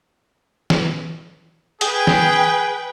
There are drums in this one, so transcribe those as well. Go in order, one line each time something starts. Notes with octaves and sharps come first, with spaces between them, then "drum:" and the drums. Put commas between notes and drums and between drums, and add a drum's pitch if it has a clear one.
drum: snare
G#4 B4 G5, drum: hi-hat
drum: snare